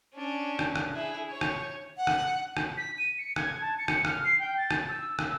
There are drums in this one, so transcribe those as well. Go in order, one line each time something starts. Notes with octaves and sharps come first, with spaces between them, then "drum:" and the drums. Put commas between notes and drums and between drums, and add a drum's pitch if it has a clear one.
C#4 D4
drum: rim click
drum: rim click
E4 G#4
C#5
drum: rim click
F#5
drum: rim click
drum: rim click
B6
D#7
C#7
G#6, drum: rim click
A5
C#7
drum: rim click
F6, drum: rim click
C7
G5
A6
drum: rim click
E6
E6, drum: rim click